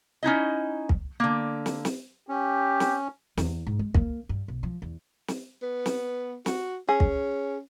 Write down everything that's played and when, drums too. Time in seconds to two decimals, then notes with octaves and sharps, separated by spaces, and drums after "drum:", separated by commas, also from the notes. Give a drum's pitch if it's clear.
0.23 C#4 D#4 E4 D#5
0.89 drum: kick
1.20 D3 A#3
1.66 drum: snare
1.85 drum: snare
2.29 C#4 G4
2.80 drum: snare
3.37 E2, drum: snare
3.67 G#2
3.79 G#3
3.94 A#3, drum: kick
4.29 G2
4.48 B1
4.63 F3
4.82 E2
5.28 drum: snare
5.63 B3
5.86 drum: snare
6.46 F#4, drum: snare
6.89 C#4 G#4
7.00 drum: kick